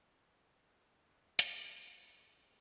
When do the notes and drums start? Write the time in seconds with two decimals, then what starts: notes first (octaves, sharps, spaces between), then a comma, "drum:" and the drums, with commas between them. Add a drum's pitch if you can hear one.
0.67 G#3 A#3 F#5 F#6
1.39 drum: hi-hat